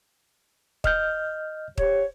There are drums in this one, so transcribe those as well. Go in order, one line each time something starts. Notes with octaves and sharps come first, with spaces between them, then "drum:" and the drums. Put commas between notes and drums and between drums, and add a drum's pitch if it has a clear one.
D#5 F6 G6, drum: kick
G4 C5 C#5, drum: kick